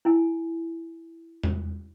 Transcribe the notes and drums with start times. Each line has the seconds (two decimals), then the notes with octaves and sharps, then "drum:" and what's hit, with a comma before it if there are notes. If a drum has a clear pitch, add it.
0.05 E4 G#5
1.43 drum: tom E2